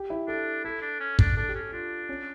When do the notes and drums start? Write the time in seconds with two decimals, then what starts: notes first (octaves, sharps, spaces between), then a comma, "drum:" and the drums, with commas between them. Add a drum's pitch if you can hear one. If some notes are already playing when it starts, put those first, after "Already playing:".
Already playing: G4
0.10 E4
0.28 D4 A4
0.65 E4 A4
0.82 D4
1.00 C#4
1.19 D4, drum: kick
1.36 D4 A4
1.49 G4
1.55 C#4
1.61 G4
1.72 D4 F4
2.09 C#4